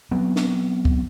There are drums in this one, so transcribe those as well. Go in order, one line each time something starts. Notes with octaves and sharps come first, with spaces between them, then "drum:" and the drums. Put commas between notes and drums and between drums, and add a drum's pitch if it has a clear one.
F#3 B3 C4
drum: snare
drum: kick C2